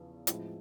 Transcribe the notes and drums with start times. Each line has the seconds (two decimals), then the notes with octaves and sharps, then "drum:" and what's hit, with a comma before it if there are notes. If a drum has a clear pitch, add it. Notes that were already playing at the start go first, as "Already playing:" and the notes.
Already playing: E2 C#3 F3
0.27 A2 F3 G#3 C4 E4, drum: hi-hat